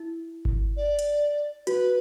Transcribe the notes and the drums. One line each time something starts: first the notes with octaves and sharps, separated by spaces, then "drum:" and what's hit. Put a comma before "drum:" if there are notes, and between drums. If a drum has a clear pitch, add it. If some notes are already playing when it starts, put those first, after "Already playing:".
Already playing: E4
drum: kick G1
D5
drum: hi-hat
F#4 B4, drum: hi-hat